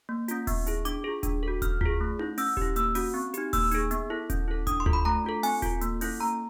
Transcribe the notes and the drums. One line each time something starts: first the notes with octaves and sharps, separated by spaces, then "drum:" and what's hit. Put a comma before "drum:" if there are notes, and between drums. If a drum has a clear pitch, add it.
A#3
C#4 F4, drum: hi-hat
B3, drum: kick D#1, open hi-hat
E4 G#4, drum: hi-hat
D4 D6, drum: hi-hat
F4 G#4
D4, drum: kick D#1, hi-hat
F#4 A4
C#4 F6, drum: kick D#1, hi-hat
F4 G#4, drum: tom D2
A3
C#4 E4, drum: tom D#4
C#4 E6, drum: open hi-hat
E4 G4, drum: kick D#1
A#3 E6, drum: hi-hat
C#4 F#4, drum: open hi-hat
C4
D#4 G4, drum: hi-hat
A#3 E6, drum: kick D#1, open hi-hat
D#4 G#4, drum: hi-hat
B3, drum: hi-hat
E4 A4
C#4, drum: kick D#1, hi-hat
E4 A4
D4 D#6, drum: kick D#1, hi-hat
C6
F4 A4, drum: tom D2
B5
A3 A#5
D4 F4 A4
C4 G#5, drum: open hi-hat
F4 A4, drum: kick D#1, hi-hat
A#3, drum: hi-hat
C#4 E4 A4, drum: open hi-hat
A#3 A#5